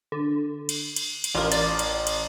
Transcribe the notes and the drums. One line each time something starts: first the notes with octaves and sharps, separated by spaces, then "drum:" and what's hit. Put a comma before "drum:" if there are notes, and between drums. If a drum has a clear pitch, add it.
D3
drum: cymbal
drum: cymbal
drum: cymbal
A1 F4 A#4
D5, drum: cymbal
drum: cymbal
drum: cymbal